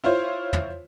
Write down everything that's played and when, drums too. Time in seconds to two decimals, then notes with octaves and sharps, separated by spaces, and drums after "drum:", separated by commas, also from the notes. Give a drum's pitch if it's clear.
0.04 E4 F4 C5 C#5
0.53 drum: tom